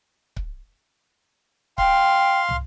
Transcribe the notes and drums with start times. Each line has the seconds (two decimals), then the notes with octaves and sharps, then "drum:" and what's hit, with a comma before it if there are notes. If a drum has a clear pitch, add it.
0.36 drum: kick C#1
1.78 F5 G5 C6, drum: kick C#1
2.49 drum: tom